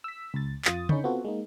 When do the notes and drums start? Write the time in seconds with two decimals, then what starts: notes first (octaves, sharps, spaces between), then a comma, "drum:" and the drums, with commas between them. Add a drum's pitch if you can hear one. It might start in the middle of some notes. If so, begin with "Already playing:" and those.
0.04 E6 B6
0.34 C#2 A6
0.65 F2 F4 D#6 A6, drum: clap
0.89 D3 C#4 D#4 B5 C#6 G6, drum: tom C#3
1.04 B3 C4 F4 F#4 A4
1.25 G#3 A#3 D#4